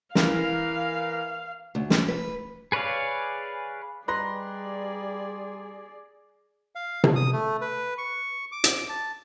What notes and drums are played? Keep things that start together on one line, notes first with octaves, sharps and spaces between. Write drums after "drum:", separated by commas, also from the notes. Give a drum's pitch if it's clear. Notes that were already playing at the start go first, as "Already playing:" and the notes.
E3 A#4 F5, drum: snare
D2
E3, drum: snare
B4
G#4 B4 C#5 D5 F5
G3 G#4 B4 D5 D#5 A#5 C6 A#6
F5
drum: tom C3
D#6
A3
B4
C#6
D6
drum: hi-hat
A5